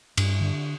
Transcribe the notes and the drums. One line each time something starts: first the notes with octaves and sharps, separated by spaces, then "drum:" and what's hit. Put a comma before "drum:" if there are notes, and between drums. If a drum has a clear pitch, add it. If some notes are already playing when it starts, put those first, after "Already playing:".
G2, drum: cymbal
D3